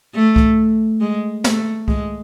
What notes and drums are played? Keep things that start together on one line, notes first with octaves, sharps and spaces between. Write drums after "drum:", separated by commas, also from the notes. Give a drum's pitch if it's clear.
A3
drum: kick C2
G#3
A3, drum: snare
G#3, drum: kick C2